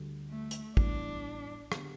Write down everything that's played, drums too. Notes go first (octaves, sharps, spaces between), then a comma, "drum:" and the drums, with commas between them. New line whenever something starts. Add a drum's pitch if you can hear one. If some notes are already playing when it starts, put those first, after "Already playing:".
Already playing: D2 D3 G3
A3
drum: hi-hat
A2 E3 G3 B3 D4, drum: kick
D3 B3 G4, drum: rim click